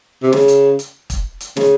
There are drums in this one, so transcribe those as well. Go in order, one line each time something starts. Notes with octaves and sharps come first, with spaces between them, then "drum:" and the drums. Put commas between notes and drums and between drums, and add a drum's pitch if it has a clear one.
C3
C#3, drum: snare
drum: hi-hat
drum: hi-hat
drum: kick, hi-hat
drum: hi-hat
C#3, drum: snare